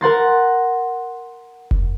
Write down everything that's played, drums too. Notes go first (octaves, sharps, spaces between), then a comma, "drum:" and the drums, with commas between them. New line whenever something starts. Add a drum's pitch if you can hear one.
A#4 F#5 C6 A6
drum: kick F1